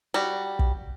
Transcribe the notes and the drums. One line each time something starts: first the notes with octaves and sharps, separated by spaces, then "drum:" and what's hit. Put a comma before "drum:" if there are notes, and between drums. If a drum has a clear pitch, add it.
G3 F#4
drum: kick